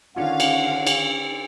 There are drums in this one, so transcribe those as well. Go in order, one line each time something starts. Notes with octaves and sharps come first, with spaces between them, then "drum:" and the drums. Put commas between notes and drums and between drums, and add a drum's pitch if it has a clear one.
D3 D#3 C#4 D4 F4 F5 F#5
drum: cymbal
drum: cymbal